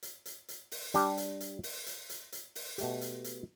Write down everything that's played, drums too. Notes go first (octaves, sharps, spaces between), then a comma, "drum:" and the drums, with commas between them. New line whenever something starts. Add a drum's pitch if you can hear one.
drum: hi-hat
drum: hi-hat
drum: hi-hat
drum: open hi-hat
G3 D4 G4, drum: hi-hat
drum: hi-hat
drum: hi-hat
drum: open hi-hat
drum: hi-hat
drum: hi-hat
drum: hi-hat
drum: open hi-hat
B2 A3 G4, drum: hi-hat
drum: hi-hat
drum: hi-hat